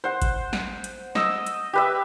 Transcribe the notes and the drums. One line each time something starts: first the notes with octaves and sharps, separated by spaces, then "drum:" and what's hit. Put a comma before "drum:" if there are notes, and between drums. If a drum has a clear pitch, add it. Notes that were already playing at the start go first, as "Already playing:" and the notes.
C5 F#5
drum: kick G#1, hi-hat
drum: snare
drum: hi-hat
D#5 E6, drum: snare
drum: hi-hat
G4 B4 E5